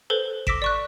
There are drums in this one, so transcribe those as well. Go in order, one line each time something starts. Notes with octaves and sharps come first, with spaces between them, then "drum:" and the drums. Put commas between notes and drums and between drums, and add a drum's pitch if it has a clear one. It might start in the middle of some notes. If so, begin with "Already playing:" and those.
A4 B4 C5
D6 E6 A#6 B6 D7 E7, drum: kick G#1
D5 C#6 F#6